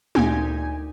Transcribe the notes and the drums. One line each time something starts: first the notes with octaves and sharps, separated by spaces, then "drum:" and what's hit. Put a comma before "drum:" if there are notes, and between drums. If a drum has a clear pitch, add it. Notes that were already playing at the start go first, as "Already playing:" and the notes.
D2 A#2 D#4 G4 G#5 G#6, drum: tom G#3